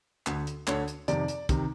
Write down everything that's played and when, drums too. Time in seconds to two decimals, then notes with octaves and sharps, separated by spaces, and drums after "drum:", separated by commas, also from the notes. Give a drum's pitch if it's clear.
0.27 D2 D3, drum: clap
0.47 drum: hi-hat
0.67 D2 D3 C#5, drum: clap
0.88 drum: hi-hat
1.08 F2 C3 D#3 D5, drum: hi-hat
1.28 drum: hi-hat
1.49 C3 D#3, drum: kick, hi-hat